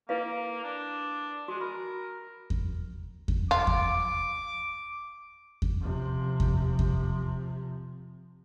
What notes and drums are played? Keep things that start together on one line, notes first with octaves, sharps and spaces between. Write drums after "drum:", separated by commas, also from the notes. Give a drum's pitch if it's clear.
A#3 E4 B4 F5
D4
G#3 F#4
A#4 B5
drum: kick E2
drum: kick E2
F4 D6
drum: kick E2
drum: kick E2
C3 F3
drum: kick E2
drum: kick E2